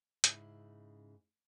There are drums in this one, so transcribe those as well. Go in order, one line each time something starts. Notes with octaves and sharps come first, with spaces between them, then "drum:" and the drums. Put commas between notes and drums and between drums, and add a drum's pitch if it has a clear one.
G#2 C#3 E4, drum: hi-hat